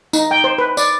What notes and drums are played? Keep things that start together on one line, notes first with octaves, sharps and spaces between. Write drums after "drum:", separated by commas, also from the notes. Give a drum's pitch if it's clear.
D#4, drum: tambourine
G5
C5
B4
D5, drum: tambourine